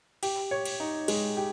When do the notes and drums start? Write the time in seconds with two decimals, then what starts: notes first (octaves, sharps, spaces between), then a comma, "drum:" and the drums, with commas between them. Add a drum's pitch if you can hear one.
0.23 G4, drum: cymbal
0.51 C#5
0.65 drum: cymbal
0.80 D#4
1.08 G#3, drum: cymbal
1.37 G4